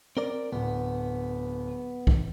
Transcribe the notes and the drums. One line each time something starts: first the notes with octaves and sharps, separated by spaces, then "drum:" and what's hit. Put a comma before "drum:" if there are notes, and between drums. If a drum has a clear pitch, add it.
C4 A#4 D5
D1 B3
drum: kick B1